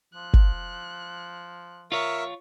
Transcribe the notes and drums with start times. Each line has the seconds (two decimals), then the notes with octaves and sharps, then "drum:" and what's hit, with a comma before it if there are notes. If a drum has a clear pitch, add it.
0.14 F3 F#6
0.34 drum: kick
1.92 F4 A#4 C#5 E5 C#6